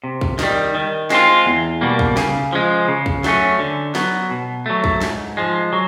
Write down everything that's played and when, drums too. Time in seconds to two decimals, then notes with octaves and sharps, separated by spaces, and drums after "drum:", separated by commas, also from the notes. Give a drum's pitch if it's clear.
0.04 C3
0.21 drum: kick
0.39 D#3 G3, drum: snare
0.75 D#3
1.10 G#3 C4 F4, drum: snare
1.46 E2
1.81 B2 G3 A#3
1.99 drum: kick
2.17 C#3, drum: snare
2.53 F3 G#3
2.88 C#3
3.06 drum: kick
3.24 F#3 A3 C#4, drum: snare
3.59 D3
3.95 F#3 B3, drum: snare
4.31 B2
4.66 F#3 A3
4.84 drum: kick
5.01 G#2, drum: snare
5.37 F3 G#3
5.73 F#3